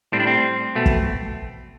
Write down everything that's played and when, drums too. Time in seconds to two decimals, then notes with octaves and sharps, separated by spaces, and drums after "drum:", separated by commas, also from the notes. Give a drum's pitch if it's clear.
0.12 A2 G3 C4
0.20 D4
0.27 C4
0.75 B2 A3
0.86 drum: kick